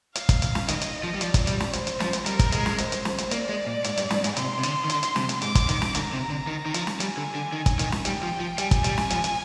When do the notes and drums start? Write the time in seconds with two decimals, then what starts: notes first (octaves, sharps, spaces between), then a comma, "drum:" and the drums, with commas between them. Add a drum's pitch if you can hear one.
0.15 F5, drum: hi-hat
0.29 drum: kick, hi-hat
0.42 drum: hi-hat
0.55 drum: snare
0.68 D#3 D#5, drum: hi-hat
0.81 drum: hi-hat
1.03 F3
1.15 G3
1.21 F3 D5, drum: hi-hat
1.34 drum: kick, hi-hat
1.47 G3, drum: hi-hat
1.60 drum: snare
1.73 C5, drum: hi-hat
1.87 drum: hi-hat
2.00 F3, drum: snare
2.13 drum: hi-hat
2.26 G3 A#4, drum: hi-hat
2.39 drum: kick, hi-hat
2.52 G#3, drum: hi-hat
2.66 drum: snare
2.78 C5, drum: hi-hat
2.92 drum: hi-hat
3.05 drum: snare
3.18 drum: hi-hat
3.31 A#3 D5, drum: hi-hat
3.49 G#3
3.67 A#2
3.84 G#2, drum: hi-hat
3.97 G2, drum: hi-hat
4.10 G#2, drum: snare
4.24 G#2, drum: hi-hat
4.36 C3 C6, drum: hi-hat
4.59 C3
4.63 D3, drum: hi-hat
4.85 D#3
4.90 D3, drum: hi-hat
5.03 drum: hi-hat
5.16 C3, drum: snare
5.29 drum: hi-hat
5.42 G#2 D6, drum: hi-hat
5.55 drum: kick, hi-hat
5.69 D#3, drum: hi-hat
5.82 drum: snare
5.95 D3 A#5, drum: hi-hat
6.13 C3
6.30 D3
6.47 D#3
6.66 D#3
6.74 F3, drum: hi-hat
6.87 drum: snare
7.00 G3 G#5, drum: hi-hat
7.17 D3
7.35 D3
7.53 D#3
7.66 drum: kick, hi-hat
7.79 D#3, drum: hi-hat
7.92 drum: snare
8.05 G3 G5, drum: hi-hat
8.23 F3
8.40 F3
8.58 G3 G#5, drum: hi-hat
8.71 drum: kick, hi-hat
8.84 G3, drum: hi-hat
8.98 drum: snare
9.10 F3, drum: hi-hat
9.24 drum: hi-hat